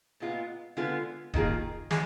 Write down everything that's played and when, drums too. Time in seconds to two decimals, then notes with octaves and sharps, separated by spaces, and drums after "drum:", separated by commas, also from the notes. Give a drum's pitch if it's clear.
0.20 A#2 G#3 B3 F4
0.77 D3 G#3 B3 F4
1.34 D#3 A#3 F4 G#4, drum: kick D#1
1.91 G#3, drum: snare